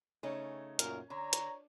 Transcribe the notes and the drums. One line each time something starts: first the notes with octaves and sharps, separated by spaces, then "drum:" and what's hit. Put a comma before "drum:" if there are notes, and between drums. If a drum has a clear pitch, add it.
C#3 A3 C#4 D#4
F#2 A#2 A#4, drum: hi-hat
D3 C#5 A#5
drum: hi-hat